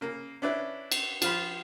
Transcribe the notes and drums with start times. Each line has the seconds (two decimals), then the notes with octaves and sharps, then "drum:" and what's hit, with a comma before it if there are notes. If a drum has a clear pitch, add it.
0.01 C#3 A#3
0.42 C#4 D4 E4 B4
0.92 drum: cymbal
1.22 F3 F4 B5, drum: cymbal